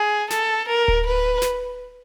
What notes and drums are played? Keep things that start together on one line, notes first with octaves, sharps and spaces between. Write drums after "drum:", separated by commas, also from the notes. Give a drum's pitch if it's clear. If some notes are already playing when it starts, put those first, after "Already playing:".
Already playing: G#4
A4, drum: snare
A#4
drum: kick D1
B4
drum: snare